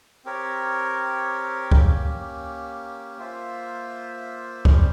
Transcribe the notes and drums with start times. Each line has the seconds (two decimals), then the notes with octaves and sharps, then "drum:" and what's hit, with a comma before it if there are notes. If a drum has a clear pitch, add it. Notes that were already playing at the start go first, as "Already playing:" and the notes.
0.25 C4 G4 A#4 C#5
1.71 A#3 C#4 G4, drum: kick C#2
3.18 A#3 F4 C5 E5
4.65 G3 C#4 G4 C5, drum: kick C#2